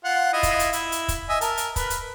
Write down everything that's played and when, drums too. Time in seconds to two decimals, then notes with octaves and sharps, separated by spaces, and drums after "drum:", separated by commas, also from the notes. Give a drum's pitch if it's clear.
0.04 F4 F#5
0.33 E4 F4 D#5
0.43 drum: kick, hi-hat
0.59 drum: hi-hat
0.73 E4, drum: hi-hat
0.92 drum: hi-hat
1.08 drum: kick, hi-hat
1.29 D#5 E5 G#5
1.41 A#4 A5, drum: hi-hat
1.57 drum: hi-hat
1.76 A#4 B4, drum: kick, hi-hat
1.90 drum: hi-hat